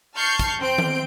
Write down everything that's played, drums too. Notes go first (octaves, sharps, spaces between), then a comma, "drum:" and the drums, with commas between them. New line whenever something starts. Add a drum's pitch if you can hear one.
A5 C#6 F6 G6 C7 C#7
drum: kick, hi-hat
C4 G6 D7
drum: tom D#3